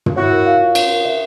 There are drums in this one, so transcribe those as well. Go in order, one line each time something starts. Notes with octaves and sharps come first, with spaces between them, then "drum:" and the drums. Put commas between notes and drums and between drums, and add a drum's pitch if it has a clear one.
drum: tom
E4 F#4 C#5
A#4
F5
F4
C#5, drum: cymbal
A#4
E5